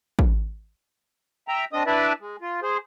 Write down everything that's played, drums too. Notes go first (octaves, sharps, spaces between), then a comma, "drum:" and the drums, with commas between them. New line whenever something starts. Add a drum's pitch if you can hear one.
drum: kick
E5 G5 A#5
C4 D4 D#5 D#6
D4 E4 B4 D5 E5
G#3
F4
G#4 C5